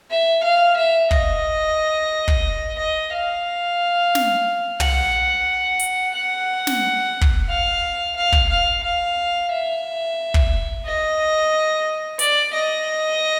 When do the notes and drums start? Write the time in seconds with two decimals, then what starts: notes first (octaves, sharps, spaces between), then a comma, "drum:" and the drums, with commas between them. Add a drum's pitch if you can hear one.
0.10 E5
0.43 F5
0.76 E5
1.11 D#5, drum: kick
2.28 drum: kick
2.78 D#5
3.13 F5
4.15 drum: snare
4.80 F#5, drum: tom
5.79 drum: hi-hat
6.14 F#5
6.67 drum: snare
7.21 drum: kick
7.49 F5
8.16 F5
8.32 drum: kick
8.49 F5
8.83 F5
9.51 E5
10.34 drum: kick
10.85 D#5
12.19 D5, drum: hi-hat
12.53 D#5